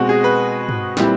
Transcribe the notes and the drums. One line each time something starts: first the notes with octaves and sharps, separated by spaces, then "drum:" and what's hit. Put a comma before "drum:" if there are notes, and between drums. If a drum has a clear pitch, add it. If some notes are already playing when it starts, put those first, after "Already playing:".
Already playing: B2 G#3 C4 F#4
G#4
B4
drum: tom
A#2 G3 C4 E4, drum: snare